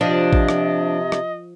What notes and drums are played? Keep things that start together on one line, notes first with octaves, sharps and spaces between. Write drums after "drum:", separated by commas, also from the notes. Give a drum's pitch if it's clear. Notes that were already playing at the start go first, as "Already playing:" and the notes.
C3 F3 D4 D#5
drum: kick A1
drum: rim click
drum: rim click